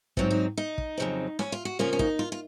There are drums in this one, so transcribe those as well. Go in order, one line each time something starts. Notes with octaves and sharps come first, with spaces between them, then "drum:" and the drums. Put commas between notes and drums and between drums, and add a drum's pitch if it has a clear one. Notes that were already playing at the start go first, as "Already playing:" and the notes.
G#2 F#3 C4 F4, drum: kick
D#4
D#4
drum: kick
F2 C#3 F#3 C4
C#4, drum: snare
F4
F#4
C#3 F3 A#3 C#4 F4
C#4
D#4, drum: kick
F4
F4